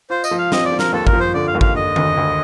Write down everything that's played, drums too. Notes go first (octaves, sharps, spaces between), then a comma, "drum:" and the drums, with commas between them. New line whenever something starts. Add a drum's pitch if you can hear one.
F4 C5
D#5, drum: tambourine
F3
F5
C4 D#5, drum: snare
D5
F3
A#4, drum: snare
D#2 A4
A#4, drum: kick G#1
F3
C5
D3 D5
F5
D#2
F5, drum: kick G#1
D3 D#5
D2, drum: tom D#3
D2